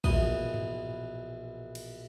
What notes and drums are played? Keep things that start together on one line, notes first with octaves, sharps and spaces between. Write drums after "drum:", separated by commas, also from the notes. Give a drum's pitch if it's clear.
A#1 B2 E3 D#6, drum: kick
drum: tom G2
drum: cymbal